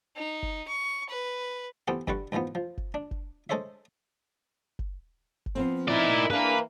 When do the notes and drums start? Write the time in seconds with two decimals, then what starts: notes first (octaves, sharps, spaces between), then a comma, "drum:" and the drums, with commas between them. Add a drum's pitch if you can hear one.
0.16 D#4
0.43 drum: kick F#1
0.68 C#6
1.09 B4
1.88 E3 B3 C4 G4 A4
2.08 G2 D3 G3 B4 C#6, drum: kick F#1
2.32 D#2 G#2 E3 F3 B3
2.55 F3
2.78 drum: kick F#1
2.94 D4
3.11 drum: kick F#1
3.49 G#3 G#4 A4 C5 C#5 E5
4.79 drum: kick F#1
5.46 drum: kick F#1
5.55 F3 B3 C4
5.88 D#4 E4 A#4 D5
6.30 E3 A#3 D4 G#4 B4